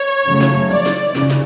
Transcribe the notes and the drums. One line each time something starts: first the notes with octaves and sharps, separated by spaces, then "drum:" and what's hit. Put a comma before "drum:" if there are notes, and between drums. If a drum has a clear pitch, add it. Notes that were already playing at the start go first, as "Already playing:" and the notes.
Already playing: C#5
C#3 F#3 A3
drum: snare
D5, drum: tom E3
drum: snare
C#3, drum: snare
drum: snare